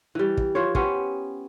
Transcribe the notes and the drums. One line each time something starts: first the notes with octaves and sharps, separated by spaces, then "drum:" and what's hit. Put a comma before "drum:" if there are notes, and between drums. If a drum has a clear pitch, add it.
E3 G3
drum: kick
F3 C5 C#5
B3 C#4 G4 C5, drum: kick